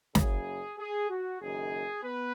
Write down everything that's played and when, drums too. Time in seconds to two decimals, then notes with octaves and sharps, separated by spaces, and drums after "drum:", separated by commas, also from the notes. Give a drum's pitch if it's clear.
0.15 F#1 F#2 C#3 G#4, drum: snare
0.78 G#4
1.09 F#4
1.41 F#1 F#2 D#3 G#4
2.03 B3 B4